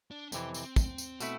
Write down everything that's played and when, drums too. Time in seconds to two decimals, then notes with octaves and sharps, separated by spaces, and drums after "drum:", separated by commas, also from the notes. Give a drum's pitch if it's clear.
0.11 D4
0.32 F2 C3 E3 C4, drum: tambourine
0.54 C4, drum: tambourine
0.76 drum: kick, tambourine
0.98 drum: tambourine
1.20 B2 A3 E4, drum: tambourine